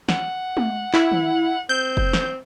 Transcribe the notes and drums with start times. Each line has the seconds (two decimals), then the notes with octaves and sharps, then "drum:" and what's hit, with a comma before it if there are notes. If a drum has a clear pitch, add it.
0.09 F#5, drum: snare
0.57 drum: tom
0.94 E4, drum: clap
1.12 drum: tom D#3
1.69 C4 G6
1.97 drum: kick
2.13 drum: snare